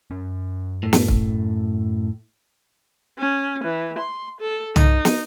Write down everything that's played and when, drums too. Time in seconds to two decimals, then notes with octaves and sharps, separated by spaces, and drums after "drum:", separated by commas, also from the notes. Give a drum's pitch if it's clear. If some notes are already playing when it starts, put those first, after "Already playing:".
0.11 F#2 C#4
0.83 A2
0.93 drum: snare
1.08 drum: kick
3.19 C#4
3.64 E3
3.98 C6
4.40 A4
4.76 D#4, drum: tom
5.05 drum: snare